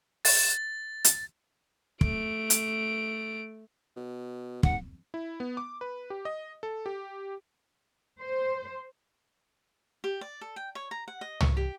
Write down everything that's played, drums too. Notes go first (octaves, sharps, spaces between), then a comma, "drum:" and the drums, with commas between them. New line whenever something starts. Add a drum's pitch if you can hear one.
A6, drum: open hi-hat
drum: hi-hat
A3 D7, drum: kick
drum: hi-hat
B2
D#2 F#5, drum: kick
E4
B3
D6
B4
G4
D#5
A4
G4
C5
G4
D5
A4
G5
C#5
A#5
F#5
D#5
C#6, drum: tom
G4